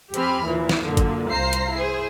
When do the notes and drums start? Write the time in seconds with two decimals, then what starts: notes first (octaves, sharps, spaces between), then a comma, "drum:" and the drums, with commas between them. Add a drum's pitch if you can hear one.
0.14 F2 C4 G4 G#5 B5 F6, drum: hi-hat
0.45 D#2 A#2 E3 F3
0.69 drum: snare
0.84 F#2 A#2 D3 A#3
0.97 drum: kick G1, hi-hat
1.30 C2 C5 F5 A#5 C7
1.53 drum: hi-hat
1.75 E4 G#4 C5